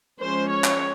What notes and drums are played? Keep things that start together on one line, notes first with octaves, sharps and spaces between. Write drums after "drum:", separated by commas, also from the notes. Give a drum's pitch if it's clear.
F3 G#3 C#4 C5
C#5
drum: clap